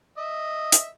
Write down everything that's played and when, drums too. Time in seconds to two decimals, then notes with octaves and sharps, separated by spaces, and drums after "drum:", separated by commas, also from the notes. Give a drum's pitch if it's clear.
0.17 D#5 E5
0.72 drum: hi-hat